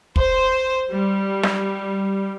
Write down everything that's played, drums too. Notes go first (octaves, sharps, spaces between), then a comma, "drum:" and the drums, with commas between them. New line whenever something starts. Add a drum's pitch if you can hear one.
C5, drum: kick
G3
drum: snare